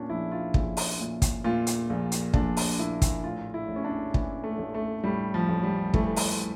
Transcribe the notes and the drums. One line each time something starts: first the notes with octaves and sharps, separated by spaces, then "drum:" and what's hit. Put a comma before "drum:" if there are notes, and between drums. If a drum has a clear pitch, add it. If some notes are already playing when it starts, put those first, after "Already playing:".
Already playing: A#2 C#4 D4
A#1 E4
F4
A#1, drum: kick
drum: open hi-hat
A#2
drum: kick, hi-hat
A#2 F4
drum: hi-hat
A#1
drum: hi-hat
A#1 D4, drum: kick
drum: open hi-hat
A#2 E4
drum: kick, hi-hat
A2 F4
E4
A1
C#4
D4
E3 D4, drum: kick
A3
A1
A3
A2 G3
F3
A1
G3
E3 A3, drum: kick
drum: open hi-hat